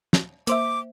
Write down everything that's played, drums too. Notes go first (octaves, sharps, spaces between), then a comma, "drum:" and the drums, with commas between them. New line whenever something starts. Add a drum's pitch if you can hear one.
drum: snare
A#3 C5 E5 D6, drum: hi-hat